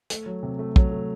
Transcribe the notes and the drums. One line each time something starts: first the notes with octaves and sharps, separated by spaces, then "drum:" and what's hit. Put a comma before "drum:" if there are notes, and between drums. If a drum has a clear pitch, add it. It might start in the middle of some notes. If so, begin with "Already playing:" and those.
A3, drum: hi-hat
F#3
C3
A3
F#3, drum: kick
A3